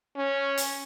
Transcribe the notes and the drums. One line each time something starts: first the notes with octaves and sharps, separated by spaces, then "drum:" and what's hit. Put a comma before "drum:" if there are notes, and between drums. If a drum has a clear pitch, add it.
C#4
drum: hi-hat